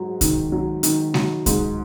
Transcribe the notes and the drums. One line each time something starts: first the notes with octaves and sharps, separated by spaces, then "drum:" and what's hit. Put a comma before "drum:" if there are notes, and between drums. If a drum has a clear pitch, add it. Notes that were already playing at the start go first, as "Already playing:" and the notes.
Already playing: G#2 F#3
D#3, drum: kick C2, hi-hat
F#3
D#3, drum: hi-hat
F#3, drum: snare G#3
G#2, drum: kick C2, hi-hat